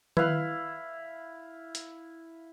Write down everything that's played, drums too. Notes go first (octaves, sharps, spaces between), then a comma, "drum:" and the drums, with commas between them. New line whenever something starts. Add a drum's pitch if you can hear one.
E4 B4 F5, drum: tom D#3
drum: hi-hat